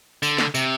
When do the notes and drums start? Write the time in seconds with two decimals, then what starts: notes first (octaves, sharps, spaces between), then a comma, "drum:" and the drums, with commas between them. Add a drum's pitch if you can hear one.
0.23 D3, drum: tambourine
0.38 drum: snare
0.55 C3, drum: tambourine